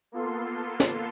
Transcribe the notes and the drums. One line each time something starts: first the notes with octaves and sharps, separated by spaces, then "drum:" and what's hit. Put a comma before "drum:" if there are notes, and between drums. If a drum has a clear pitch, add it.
A#3 B3 F4 A4 C6
drum: snare